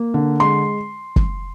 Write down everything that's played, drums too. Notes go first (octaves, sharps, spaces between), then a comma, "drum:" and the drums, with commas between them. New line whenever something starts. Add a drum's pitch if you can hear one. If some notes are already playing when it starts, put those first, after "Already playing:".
Already playing: A#3
D3
G#3 C6
drum: kick F#1